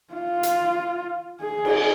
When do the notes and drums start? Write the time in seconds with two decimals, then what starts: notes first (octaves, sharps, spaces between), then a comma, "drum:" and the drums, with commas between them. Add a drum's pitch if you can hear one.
0.13 F4
0.43 drum: hi-hat
1.41 G#4
1.65 drum: cymbal